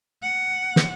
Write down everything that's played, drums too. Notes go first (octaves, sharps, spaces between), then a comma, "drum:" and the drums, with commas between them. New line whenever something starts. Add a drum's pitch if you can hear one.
F#5
drum: snare